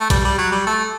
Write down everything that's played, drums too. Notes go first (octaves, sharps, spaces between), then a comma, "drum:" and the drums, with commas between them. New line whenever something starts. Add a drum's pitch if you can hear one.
A3
G3, drum: kick A#1, hi-hat
G3
F#3
G3
A3